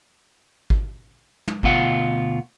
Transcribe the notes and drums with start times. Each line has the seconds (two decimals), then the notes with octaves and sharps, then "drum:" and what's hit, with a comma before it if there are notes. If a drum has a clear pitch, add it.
0.70 drum: kick G#1
1.48 drum: tom
1.63 D2 B2 F4 F#5, drum: kick G#1